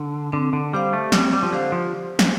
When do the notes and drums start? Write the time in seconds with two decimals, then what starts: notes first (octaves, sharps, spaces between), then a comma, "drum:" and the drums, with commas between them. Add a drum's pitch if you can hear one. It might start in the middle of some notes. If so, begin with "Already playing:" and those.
Already playing: D3
0.32 D3 C4
0.53 D3
0.73 G3 G4 C5 F5
0.93 A3
1.12 G3 C4, drum: snare
1.33 G3
1.43 F3
1.52 D3 G4 C5 F5
1.72 F3
2.19 drum: snare